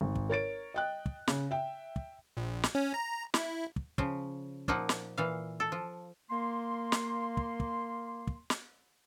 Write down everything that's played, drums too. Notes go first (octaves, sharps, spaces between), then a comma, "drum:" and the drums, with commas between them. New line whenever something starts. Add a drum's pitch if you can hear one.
G#1
drum: kick
A#4 C#5 A6 D7
D#5 G5 F#6
drum: kick
C#3, drum: snare
E5 G5
drum: kick
A#1
drum: snare
C#4
A#5
E4, drum: snare
drum: kick
C#3 F3, drum: kick
A#2 F3 A#3 D#4 F#5, drum: kick
drum: snare
A#2 E3 F5
A4
F3
A#3 C6
drum: snare
drum: kick
drum: kick
drum: kick
drum: snare